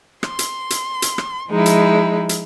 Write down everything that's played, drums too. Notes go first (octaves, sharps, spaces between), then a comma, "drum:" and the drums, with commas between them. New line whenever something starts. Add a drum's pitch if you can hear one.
C6, drum: rim click
drum: hi-hat
drum: hi-hat
drum: hi-hat
drum: rim click
F3 G#3 D#4 E4
drum: hi-hat
drum: hi-hat